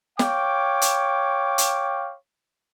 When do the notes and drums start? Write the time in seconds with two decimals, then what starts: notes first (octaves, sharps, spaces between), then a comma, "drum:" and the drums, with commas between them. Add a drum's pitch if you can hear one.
0.19 C#5 F5 G5 D6, drum: snare
0.82 drum: hi-hat
1.58 drum: hi-hat